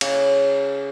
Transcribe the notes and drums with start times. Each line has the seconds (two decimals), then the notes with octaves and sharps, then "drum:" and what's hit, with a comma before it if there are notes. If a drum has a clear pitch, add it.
0.01 C#3, drum: cymbal